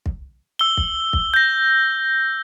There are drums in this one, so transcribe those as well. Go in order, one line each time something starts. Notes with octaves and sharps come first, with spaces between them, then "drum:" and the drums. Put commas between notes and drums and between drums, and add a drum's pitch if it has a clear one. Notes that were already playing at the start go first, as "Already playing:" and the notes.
drum: kick
E6 G7
drum: kick
drum: kick
G6 A#6